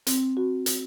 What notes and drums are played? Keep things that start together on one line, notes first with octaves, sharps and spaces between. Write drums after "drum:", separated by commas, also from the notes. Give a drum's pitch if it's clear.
C4, drum: hi-hat
F#4
drum: hi-hat